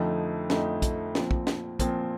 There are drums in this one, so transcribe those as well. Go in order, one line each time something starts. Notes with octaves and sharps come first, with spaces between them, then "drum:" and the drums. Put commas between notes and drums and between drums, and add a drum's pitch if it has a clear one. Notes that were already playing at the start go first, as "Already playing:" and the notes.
Already playing: F2 D3 F3 A3 D#4
F2 D3 F3 A3 D#4, drum: snare
drum: kick, hi-hat
A#2 F3 C4, drum: snare
drum: kick
drum: snare
A#2 F3 C4, drum: kick, hi-hat